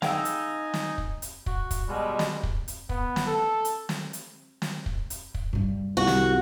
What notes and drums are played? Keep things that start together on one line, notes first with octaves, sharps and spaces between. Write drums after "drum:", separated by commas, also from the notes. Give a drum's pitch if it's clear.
G#3 D#4 G#4 D#5 F5 G5 G#5 E6, drum: snare
drum: hi-hat
drum: snare
drum: kick
drum: hi-hat
F#4, drum: kick
drum: kick, hi-hat
B2 G3 G#3
drum: snare
drum: kick
drum: hi-hat
B3, drum: kick
drum: snare
A4
drum: hi-hat
drum: snare
drum: hi-hat
drum: snare
drum: kick
drum: hi-hat
drum: kick
G2 G3
C2 F#4
drum: snare